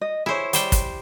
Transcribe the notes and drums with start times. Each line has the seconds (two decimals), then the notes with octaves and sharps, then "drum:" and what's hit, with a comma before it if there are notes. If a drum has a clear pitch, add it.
0.01 D#5
0.26 E4 G#4 C5 C#5
0.53 G3 C5 G5, drum: hi-hat
0.72 drum: kick, hi-hat